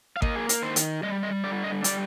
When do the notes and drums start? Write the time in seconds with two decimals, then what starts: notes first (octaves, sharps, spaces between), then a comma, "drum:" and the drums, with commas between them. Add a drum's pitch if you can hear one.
0.17 F5
0.22 A#3 D#5, drum: kick G#1
0.36 G#4
0.49 A#4, drum: hi-hat
0.62 D#3 C5
0.76 drum: hi-hat
1.03 G3 D#5
1.23 D#5
1.44 D3 D5
1.64 D#5
1.84 G3 D5, drum: hi-hat